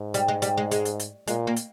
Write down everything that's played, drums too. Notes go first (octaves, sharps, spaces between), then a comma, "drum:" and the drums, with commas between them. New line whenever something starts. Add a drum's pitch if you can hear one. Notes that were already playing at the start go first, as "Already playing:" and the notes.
Already playing: G#2
G3, drum: hi-hat
G#3
G3, drum: hi-hat
G#3
G#3, drum: hi-hat
drum: hi-hat
drum: hi-hat
A#2 G#3, drum: hi-hat
A#3
drum: hi-hat